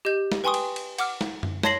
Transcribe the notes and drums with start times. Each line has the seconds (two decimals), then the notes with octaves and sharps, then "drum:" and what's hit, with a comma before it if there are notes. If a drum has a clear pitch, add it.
0.05 G4 D#5 G6
0.32 drum: snare
0.44 B4 G5 G#5 C6 C#6 D#6
0.54 drum: cymbal
0.76 drum: cymbal
0.98 F#5 D6 F6, drum: cymbal
1.21 drum: snare
1.43 drum: tom F#2
1.63 C#5 A5 C6 A#6 C7 F#7, drum: snare